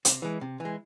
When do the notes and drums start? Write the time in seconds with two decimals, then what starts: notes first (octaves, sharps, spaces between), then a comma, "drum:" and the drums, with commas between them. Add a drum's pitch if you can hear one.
0.05 C3, drum: hi-hat
0.22 E3 G#3
0.41 C3
0.60 E3 G#3